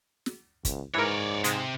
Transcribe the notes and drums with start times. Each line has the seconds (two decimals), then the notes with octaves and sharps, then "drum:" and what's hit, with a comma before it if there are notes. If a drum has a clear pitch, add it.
0.26 drum: snare
0.65 C#2, drum: kick, hi-hat
0.94 G#2 E3 A#4 C#5 D5
1.44 C3 G#3, drum: hi-hat